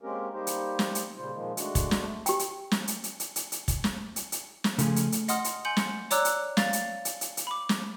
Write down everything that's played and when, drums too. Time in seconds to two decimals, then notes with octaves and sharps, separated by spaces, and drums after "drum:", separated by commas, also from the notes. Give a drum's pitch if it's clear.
0.02 G#3 A#3 C4 C#4 G4 A#4
0.34 G3 A#3 D#4 G4 C5
0.47 drum: hi-hat
0.79 drum: snare
0.95 drum: hi-hat
1.17 A#2 C#3 G3 F4 C5
1.33 A#2 D#3 F3 G#3 A#3
1.57 G#3 A3 D4 F#4, drum: hi-hat
1.75 drum: kick, hi-hat
1.91 drum: snare
2.26 G4 G5, drum: hi-hat
2.39 drum: hi-hat
2.71 drum: snare
2.88 drum: hi-hat
3.04 drum: hi-hat
3.20 drum: hi-hat
3.36 drum: hi-hat
3.52 drum: hi-hat
3.68 drum: kick, hi-hat
3.84 drum: snare
4.16 drum: hi-hat
4.32 drum: hi-hat
4.64 drum: snare
4.78 C#3 F3 A3 G#4, drum: hi-hat
4.96 drum: hi-hat
5.12 drum: hi-hat
5.28 D#5 F#5 C6 D#6 F6, drum: hi-hat
5.44 drum: hi-hat
5.65 G#5 C6 G6 C#7 F#7
5.77 drum: snare
6.11 C#5 D5 A#5 D6 E6 F#6, drum: hi-hat
6.25 drum: hi-hat
6.57 F5 A6 F7, drum: snare
6.73 drum: hi-hat
7.05 drum: hi-hat
7.21 drum: hi-hat
7.37 drum: hi-hat
7.47 B5 D6
7.69 drum: snare